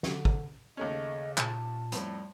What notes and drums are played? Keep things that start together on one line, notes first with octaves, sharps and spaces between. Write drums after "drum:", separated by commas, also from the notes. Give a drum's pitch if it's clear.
D3, drum: snare
drum: kick
D#2 C#3 A3 C#4 D#5
A#2 A5, drum: clap
F2 A2 G3, drum: hi-hat